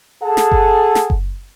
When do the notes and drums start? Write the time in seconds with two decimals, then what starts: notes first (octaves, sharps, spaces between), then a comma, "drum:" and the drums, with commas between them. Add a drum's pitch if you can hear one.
0.22 G#4 A4 F#5 A5
0.37 drum: snare
0.52 drum: kick F#1
0.95 drum: snare
1.10 drum: kick F#1